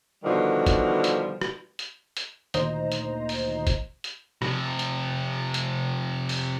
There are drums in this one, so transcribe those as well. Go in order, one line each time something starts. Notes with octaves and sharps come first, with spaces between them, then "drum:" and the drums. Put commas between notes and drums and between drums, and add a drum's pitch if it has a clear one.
B2 D3 D#3 F3 G3
drum: kick, hi-hat
drum: hi-hat
drum: rim click
drum: hi-hat
drum: hi-hat
D2 A#2 D#3 C5 D#5 A#5, drum: hi-hat
drum: hi-hat
drum: open hi-hat
drum: kick, hi-hat
drum: hi-hat
C3 F3, drum: rim click
drum: hi-hat
drum: hi-hat
drum: open hi-hat